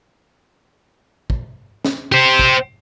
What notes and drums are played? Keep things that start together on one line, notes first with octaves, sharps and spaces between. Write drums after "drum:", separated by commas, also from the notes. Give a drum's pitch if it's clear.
drum: kick
drum: snare
G4 C5
drum: kick